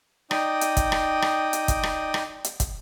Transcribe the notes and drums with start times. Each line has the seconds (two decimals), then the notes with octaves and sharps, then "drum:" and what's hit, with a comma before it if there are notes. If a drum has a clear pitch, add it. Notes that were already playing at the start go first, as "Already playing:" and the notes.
0.31 D#4 D5 G5 D#6, drum: rim click
0.61 drum: hi-hat
0.77 drum: kick, hi-hat
0.92 drum: rim click
1.22 drum: rim click
1.53 drum: hi-hat
1.68 drum: kick, hi-hat
1.83 drum: rim click
2.14 drum: rim click
2.44 drum: hi-hat
2.60 drum: kick, hi-hat